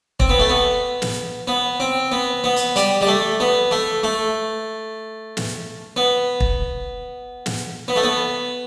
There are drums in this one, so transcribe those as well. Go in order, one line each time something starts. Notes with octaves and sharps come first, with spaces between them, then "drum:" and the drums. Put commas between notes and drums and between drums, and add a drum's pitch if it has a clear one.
C4, drum: kick
B3
A3
B3
drum: snare
B3
C4
B3
B3
drum: hi-hat
G3, drum: hi-hat
G3
A3
B3
A3
A3
drum: snare
B3
drum: kick
drum: snare
B3
A3
B3